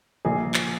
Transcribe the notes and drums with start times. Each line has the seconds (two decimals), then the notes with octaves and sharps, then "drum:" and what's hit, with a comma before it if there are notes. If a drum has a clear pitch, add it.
0.25 A#1 G#4
0.54 drum: clap